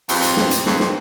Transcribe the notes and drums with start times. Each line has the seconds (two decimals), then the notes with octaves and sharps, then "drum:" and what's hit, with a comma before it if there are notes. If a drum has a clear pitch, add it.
0.09 F2, drum: open hi-hat
0.22 drum: hi-hat
0.37 drum: snare
0.51 drum: hi-hat
0.66 F2, drum: snare
0.80 drum: snare